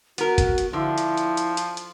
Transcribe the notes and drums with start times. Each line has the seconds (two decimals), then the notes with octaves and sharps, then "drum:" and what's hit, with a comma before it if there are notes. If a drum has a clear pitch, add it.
0.18 B3 F#4 A#4, drum: hi-hat
0.38 drum: kick, hi-hat
0.58 drum: hi-hat
0.73 D3 F3 E4
0.98 drum: hi-hat
1.17 drum: hi-hat
1.37 drum: hi-hat
1.57 drum: hi-hat
1.77 drum: hi-hat